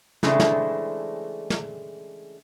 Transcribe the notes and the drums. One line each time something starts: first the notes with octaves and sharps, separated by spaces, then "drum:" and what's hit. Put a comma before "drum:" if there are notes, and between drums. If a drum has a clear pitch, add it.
C#3 E3 G#3 A3 C4 D4, drum: snare
drum: snare
drum: snare